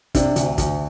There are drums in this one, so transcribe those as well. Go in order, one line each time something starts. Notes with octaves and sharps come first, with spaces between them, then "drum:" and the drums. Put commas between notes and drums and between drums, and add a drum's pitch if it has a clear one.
C3 D4, drum: kick, hi-hat
D2, drum: hi-hat
D2, drum: kick, hi-hat